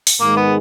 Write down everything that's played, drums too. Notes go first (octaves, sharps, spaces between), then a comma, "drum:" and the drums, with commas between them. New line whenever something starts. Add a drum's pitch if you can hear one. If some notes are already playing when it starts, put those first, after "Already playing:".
drum: open hi-hat
G#2 D#3 G#3 A#3
B3